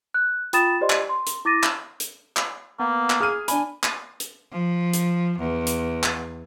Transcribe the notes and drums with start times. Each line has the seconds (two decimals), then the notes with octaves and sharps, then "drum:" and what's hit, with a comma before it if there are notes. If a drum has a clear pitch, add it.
0.14 F#6
0.53 F4 G5 B5 D#6 A6 E7, drum: hi-hat
0.81 G4 C5 D5 D#5 C6
0.90 drum: clap
1.09 C6
1.27 drum: hi-hat
1.45 E4 D6 A6 A#6 D#7
1.63 drum: clap
2.00 drum: hi-hat
2.37 drum: clap
2.79 A#3 B3
3.10 drum: clap
3.21 G#4 F6 D#7
3.48 D4 G#5 B5, drum: hi-hat
3.83 drum: clap
4.20 drum: hi-hat
4.52 F3
4.93 drum: hi-hat
5.39 E2
5.67 drum: hi-hat
6.04 drum: clap